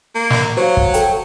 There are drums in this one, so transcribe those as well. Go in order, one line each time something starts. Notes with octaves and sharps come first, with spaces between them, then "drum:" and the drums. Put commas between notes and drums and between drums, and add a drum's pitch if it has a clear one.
A#3
drum: snare
F#3 C5 F5
drum: kick
A4 G5, drum: hi-hat